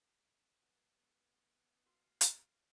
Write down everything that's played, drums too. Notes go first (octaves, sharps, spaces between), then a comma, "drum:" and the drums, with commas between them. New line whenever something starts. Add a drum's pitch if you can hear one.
B3
F#4 F5 C6
drum: hi-hat